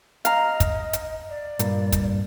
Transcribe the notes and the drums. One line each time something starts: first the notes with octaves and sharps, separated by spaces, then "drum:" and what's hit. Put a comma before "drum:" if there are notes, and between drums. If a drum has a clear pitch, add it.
D#5 F5 A#5, drum: hi-hat
drum: kick, hi-hat
drum: hi-hat
D5
G2 A#2 A#3, drum: hi-hat
drum: kick, hi-hat